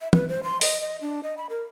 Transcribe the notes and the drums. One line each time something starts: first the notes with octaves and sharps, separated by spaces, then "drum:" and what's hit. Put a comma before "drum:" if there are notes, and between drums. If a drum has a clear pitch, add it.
E5
B4, drum: tom
C5
C6
D#5, drum: open hi-hat
D#5
D4
D#5
B5
A#4